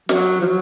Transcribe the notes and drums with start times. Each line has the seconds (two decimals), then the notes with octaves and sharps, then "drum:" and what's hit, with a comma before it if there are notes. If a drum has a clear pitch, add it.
0.09 F#3, drum: snare
0.41 F3
0.45 F#3